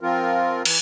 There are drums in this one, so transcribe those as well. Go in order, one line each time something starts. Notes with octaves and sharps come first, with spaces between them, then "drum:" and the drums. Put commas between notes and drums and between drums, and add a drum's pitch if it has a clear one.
F3 C4 F4 A#4
E3, drum: cymbal